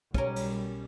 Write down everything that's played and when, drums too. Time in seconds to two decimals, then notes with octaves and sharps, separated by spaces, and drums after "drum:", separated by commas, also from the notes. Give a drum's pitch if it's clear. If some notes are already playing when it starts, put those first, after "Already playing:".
0.14 B1 G3 C#4 A#4, drum: kick
0.36 drum: cymbal